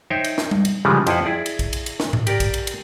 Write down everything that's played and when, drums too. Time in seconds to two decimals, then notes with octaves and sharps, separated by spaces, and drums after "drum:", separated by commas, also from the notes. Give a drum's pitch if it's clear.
0.10 D#4 C5 C#5 E5 G5
0.24 drum: cymbal
0.38 drum: snare
0.51 drum: tom G3
0.65 drum: cymbal
0.85 C#3 E3 F3 G3 G#3
1.07 F2 F3 E4 B4 C5 F#5, drum: cymbal
1.25 E4 G#4 D5
1.46 drum: cymbal
1.59 drum: kick A#1, cymbal
1.73 drum: cymbal
1.86 drum: cymbal
2.00 drum: snare
2.13 drum: tom G#2
2.27 G4 A#4 D5, drum: cymbal
2.40 drum: kick A#1, cymbal
2.54 drum: cymbal
2.67 drum: cymbal